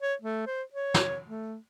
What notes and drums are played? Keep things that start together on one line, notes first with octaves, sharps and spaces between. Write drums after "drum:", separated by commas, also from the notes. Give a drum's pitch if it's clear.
C#5
A3
C5
C#5
drum: snare
A3